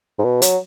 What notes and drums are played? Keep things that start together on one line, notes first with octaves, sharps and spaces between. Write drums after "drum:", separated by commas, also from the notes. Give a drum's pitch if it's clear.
G#2
B2
F#3, drum: hi-hat